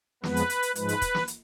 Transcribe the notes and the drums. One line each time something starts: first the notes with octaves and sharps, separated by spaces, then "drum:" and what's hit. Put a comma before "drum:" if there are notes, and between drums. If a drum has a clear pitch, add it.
F2 F3 G#3 B3 B4, drum: snare
drum: hi-hat
drum: hi-hat
drum: hi-hat
G#2 F3 G#3 B4, drum: hi-hat
drum: hi-hat
drum: kick, hi-hat
drum: snare
drum: hi-hat